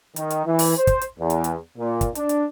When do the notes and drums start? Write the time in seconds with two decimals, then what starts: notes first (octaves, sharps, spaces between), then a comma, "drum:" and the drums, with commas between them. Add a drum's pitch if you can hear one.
0.16 D#3, drum: hi-hat
0.30 drum: hi-hat
0.46 E3
0.59 drum: open hi-hat
0.77 C5
0.87 drum: kick, hi-hat
1.01 drum: hi-hat
1.20 E2
1.30 drum: hi-hat
1.44 drum: hi-hat
1.78 A#2
2.01 drum: kick, hi-hat
2.15 D4, drum: hi-hat
2.29 drum: hi-hat